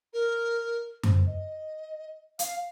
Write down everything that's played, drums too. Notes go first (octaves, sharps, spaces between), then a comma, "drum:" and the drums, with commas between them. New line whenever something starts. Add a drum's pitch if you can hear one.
A#4
C5, drum: tom F#2
D#5
F5, drum: hi-hat